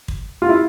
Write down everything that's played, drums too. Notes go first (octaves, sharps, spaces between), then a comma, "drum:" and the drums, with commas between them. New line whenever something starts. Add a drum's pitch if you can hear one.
drum: kick
F4
E4